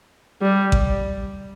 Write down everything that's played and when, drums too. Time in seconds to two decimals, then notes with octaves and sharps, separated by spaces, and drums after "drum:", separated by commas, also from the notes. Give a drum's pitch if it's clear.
0.42 G3
0.72 drum: kick A1